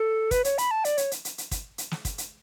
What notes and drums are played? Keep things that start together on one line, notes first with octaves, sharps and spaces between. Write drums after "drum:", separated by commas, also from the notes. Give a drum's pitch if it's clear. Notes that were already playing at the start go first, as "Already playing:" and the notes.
Already playing: A4
B4, drum: kick, hi-hat
C#5, drum: hi-hat
B5, drum: hi-hat
A5
D5, drum: hi-hat
C#5, drum: hi-hat
drum: hi-hat
drum: hi-hat
drum: hi-hat
drum: kick, hi-hat
drum: hi-hat
drum: snare
drum: kick, hi-hat
drum: hi-hat